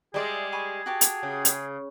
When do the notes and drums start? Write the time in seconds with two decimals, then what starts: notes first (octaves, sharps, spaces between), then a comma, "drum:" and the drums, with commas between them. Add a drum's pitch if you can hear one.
0.14 G3 G#3 G#4 C5 D5 E5
0.52 G#5 B5 C#6
0.86 F#4 G4 A5
1.01 drum: hi-hat
1.23 C#3
1.45 drum: hi-hat